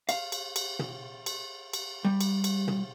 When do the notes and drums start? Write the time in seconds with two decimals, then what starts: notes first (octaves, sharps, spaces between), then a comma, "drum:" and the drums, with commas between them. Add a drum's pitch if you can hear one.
0.09 F5, drum: cymbal
0.32 drum: cymbal
0.56 drum: cymbal
0.79 drum: tom
1.26 drum: cymbal
1.73 drum: cymbal
2.05 G3
2.21 drum: cymbal
2.44 drum: cymbal
2.68 drum: tom